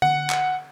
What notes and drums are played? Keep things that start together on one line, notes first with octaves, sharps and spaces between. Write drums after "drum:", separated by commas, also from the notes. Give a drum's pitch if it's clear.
F#5, drum: tom D3
drum: clap